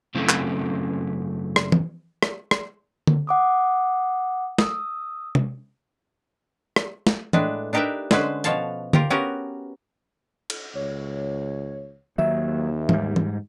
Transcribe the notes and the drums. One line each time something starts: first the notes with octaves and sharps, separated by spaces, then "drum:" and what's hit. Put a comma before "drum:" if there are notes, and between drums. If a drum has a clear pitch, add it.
F#2 C#3 A3 C4 E4
drum: clap
drum: rim click
drum: tom E3
drum: rim click
drum: rim click
drum: tom D3
F#5 D6 D#6
D#6 E6, drum: snare
drum: tom C3
drum: rim click
drum: snare
A2 G#3 D4 B4, drum: tom E3
D4 D#4 G4 A#4 B4 E5
D3 G#3 C#4 B4 C5, drum: snare
B2 F3 C#5 F5 A5, drum: hi-hat
F4 G4 A#4, drum: tom D3
B3 C#4 F#4 G4 A#4
drum: cymbal
C#2 C#5
D#2 D#3 F#3 A#3 E5
G#2 G3, drum: tom E3
drum: tom E3